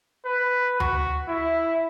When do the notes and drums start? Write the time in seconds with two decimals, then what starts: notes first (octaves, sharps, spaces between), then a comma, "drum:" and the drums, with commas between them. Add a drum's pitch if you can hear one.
0.25 B4
0.80 F#4, drum: tom D2
1.28 E4